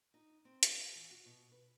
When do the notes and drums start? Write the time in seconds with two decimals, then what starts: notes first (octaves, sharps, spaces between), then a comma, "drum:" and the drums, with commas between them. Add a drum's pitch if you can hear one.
0.14 D#4
0.45 C4
0.63 drum: hi-hat
0.72 F5
0.95 E3
1.11 F#4
1.25 B2
1.52 B4